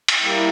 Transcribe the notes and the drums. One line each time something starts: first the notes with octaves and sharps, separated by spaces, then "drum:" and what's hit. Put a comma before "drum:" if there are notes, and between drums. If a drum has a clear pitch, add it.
drum: cymbal
G3 A#3 E4 G4